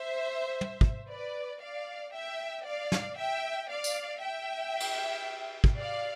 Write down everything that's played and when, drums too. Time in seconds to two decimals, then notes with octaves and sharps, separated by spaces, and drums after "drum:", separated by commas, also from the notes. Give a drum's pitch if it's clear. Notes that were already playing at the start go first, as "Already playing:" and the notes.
Already playing: C5 E5
0.61 drum: tom
0.81 drum: kick
1.09 B4 D5
1.62 D5 F5
2.14 E5 G5
2.66 D5 F5
2.92 drum: snare
3.18 E5 G5
3.70 D5 F5
3.84 drum: tambourine
4.22 E5 G5
4.80 drum: cymbal
5.64 drum: kick
5.78 D5 F5